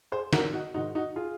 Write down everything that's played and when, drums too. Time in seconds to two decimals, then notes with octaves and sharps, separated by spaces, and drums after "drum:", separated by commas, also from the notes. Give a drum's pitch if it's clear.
0.12 G#4 C5
0.33 G#1 F#4 A#4, drum: snare
0.53 D#4 F#4
0.74 G#2 D#3 D#4 F#4
0.95 D#4 F#4
1.16 F4 G#4